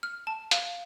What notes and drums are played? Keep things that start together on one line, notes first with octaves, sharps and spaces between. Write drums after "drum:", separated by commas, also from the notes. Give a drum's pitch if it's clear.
F6
A5
F5, drum: hi-hat